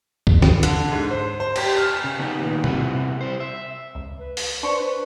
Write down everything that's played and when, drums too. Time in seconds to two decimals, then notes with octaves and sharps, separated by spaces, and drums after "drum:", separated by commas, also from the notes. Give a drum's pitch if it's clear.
0.27 drum: kick
0.42 drum: snare
0.63 D3, drum: hi-hat
0.92 G#2
1.11 C5
1.40 C5
1.56 G4, drum: cymbal
1.77 F6
2.04 C#3
2.19 B3 D#4 G4
2.40 A#2 D#3 B3
2.64 C3 E4 F#4 B4, drum: tom
3.21 G3 C5
3.40 E5
3.95 C#2
4.19 B4
4.37 drum: open hi-hat
4.63 D4 C5 C#6
4.78 B4